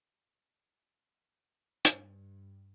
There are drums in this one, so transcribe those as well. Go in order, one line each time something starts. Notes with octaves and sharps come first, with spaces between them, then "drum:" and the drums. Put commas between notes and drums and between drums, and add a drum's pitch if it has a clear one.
G2, drum: hi-hat